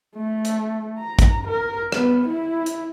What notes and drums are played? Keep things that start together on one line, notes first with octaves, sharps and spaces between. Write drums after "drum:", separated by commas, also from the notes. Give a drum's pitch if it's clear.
A3
drum: hi-hat
A#5
drum: kick, hi-hat
A#4
B3, drum: rim click
E4
drum: hi-hat